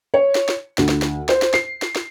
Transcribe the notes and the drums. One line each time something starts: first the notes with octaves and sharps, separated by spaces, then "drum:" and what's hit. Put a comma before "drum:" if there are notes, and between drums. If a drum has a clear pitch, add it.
C#5
drum: snare
drum: snare
D2, drum: snare
drum: snare
drum: snare
C5, drum: snare
drum: snare
C7, drum: snare
drum: snare
drum: snare